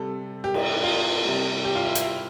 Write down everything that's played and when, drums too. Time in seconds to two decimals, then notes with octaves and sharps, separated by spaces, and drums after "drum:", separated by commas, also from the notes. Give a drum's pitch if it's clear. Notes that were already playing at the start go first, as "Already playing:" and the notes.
Already playing: C3 G3 A4
0.44 G4
0.54 drum: cymbal
0.83 F4
1.25 C3 G3
1.65 G4
1.75 F4
1.85 E4
1.95 E4, drum: hi-hat